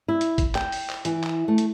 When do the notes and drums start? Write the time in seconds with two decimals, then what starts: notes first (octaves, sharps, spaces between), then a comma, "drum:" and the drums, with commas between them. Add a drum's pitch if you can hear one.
0.08 E4
0.21 drum: hi-hat
0.38 drum: kick, hi-hat
0.55 G5, drum: clap
0.72 drum: open hi-hat
0.90 drum: clap
1.05 E3, drum: hi-hat
1.24 drum: clap
1.48 A3
1.58 drum: hi-hat